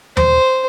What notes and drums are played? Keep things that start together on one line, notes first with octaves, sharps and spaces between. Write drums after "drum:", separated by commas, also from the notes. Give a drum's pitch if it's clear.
C5, drum: tom D#2